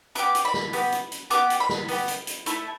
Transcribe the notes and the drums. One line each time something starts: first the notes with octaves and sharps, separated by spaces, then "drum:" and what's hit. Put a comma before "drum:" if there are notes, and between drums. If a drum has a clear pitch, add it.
B3 G4 D6, drum: hi-hat
drum: hi-hat
B5
drum: snare
B3 G4, drum: open hi-hat
drum: hi-hat
drum: hi-hat
B3 G4 D6, drum: hi-hat
drum: hi-hat
B5
drum: snare
B3 G4, drum: open hi-hat
drum: hi-hat
drum: hi-hat
A3 E4 A4, drum: hi-hat